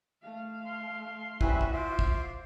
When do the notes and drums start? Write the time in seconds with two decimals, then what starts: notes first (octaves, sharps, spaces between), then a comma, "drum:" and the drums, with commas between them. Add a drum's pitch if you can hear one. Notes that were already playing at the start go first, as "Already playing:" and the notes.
0.22 A3 F5
0.66 C6
1.41 G3 C4 C#4 E4 F#4 B4 E5, drum: kick
1.61 drum: kick
1.74 F4 C5 C6 D6
1.99 drum: kick